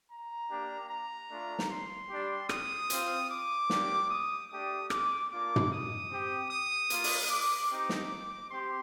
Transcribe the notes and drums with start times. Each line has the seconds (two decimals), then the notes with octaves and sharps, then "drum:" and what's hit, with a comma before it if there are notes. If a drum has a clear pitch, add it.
0.10 A#5
0.50 A#3 D4 G4
0.89 A#5
1.30 A3 D4 F4
1.59 drum: snare
1.70 C6
2.09 G3 D4 G4
2.49 D#6, drum: rim click
2.90 C4 F4, drum: hi-hat
3.29 D6
3.70 A#3 D4 G4, drum: snare
4.10 D#6
4.49 A3 D4 G4 D#6
4.90 D6, drum: rim click
5.30 A#3 D4 F4 D6
5.56 drum: tom
5.71 D#6
6.11 C4 G4
6.50 D#6
6.90 A#3 F4, drum: hi-hat
7.04 drum: open hi-hat
7.30 D6
7.70 C4 D#4 G4 D6
7.89 drum: snare
8.50 C4 G4 C6